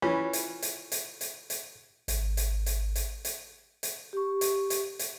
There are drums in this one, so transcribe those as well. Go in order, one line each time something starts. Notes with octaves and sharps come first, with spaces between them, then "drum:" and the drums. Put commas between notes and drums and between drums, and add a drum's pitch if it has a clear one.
E3 C#4 F4
drum: hi-hat
drum: hi-hat
drum: hi-hat
drum: hi-hat
drum: hi-hat
G#1, drum: hi-hat
drum: hi-hat
drum: hi-hat
drum: hi-hat
drum: hi-hat
drum: hi-hat
G4 C#6
drum: hi-hat
drum: hi-hat
drum: hi-hat